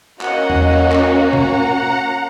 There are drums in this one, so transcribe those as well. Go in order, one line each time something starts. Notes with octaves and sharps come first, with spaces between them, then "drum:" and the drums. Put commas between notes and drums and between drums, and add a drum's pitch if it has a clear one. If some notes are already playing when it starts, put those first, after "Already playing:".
A#3 C#4 F#4 D#5 F#5, drum: clap
drum: tom E2
drum: clap
F#5 A#5, drum: tom B2